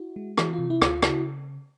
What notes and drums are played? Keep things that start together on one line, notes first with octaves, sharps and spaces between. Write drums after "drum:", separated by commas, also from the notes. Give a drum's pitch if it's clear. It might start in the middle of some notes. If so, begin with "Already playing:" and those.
Already playing: E4 F#4
G#3
E3 E4 F#4, drum: rim click
F4
C3
E4
D2 F4, drum: rim click
C#3 E4 F#4, drum: rim click